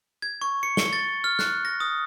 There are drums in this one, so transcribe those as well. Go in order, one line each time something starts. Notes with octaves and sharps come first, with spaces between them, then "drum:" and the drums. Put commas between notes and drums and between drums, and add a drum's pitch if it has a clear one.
G#6
C#6
C#7
G7, drum: snare
A6
F6
F#6, drum: snare
A#6
D#6